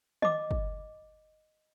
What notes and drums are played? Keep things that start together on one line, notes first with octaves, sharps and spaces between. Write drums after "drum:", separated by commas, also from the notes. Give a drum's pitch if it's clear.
D#5 D6, drum: tom D#3
drum: kick